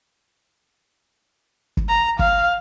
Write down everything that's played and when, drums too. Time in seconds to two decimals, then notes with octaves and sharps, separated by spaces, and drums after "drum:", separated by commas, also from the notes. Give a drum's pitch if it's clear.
1.77 drum: kick
1.88 A#5
2.19 F5, drum: kick